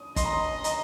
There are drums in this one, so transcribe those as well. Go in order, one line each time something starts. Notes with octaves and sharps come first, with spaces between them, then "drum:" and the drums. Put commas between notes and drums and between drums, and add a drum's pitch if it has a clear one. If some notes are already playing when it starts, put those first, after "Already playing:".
Already playing: D#6
D#5 C6, drum: kick, hi-hat
A#5
C6
A#5, drum: hi-hat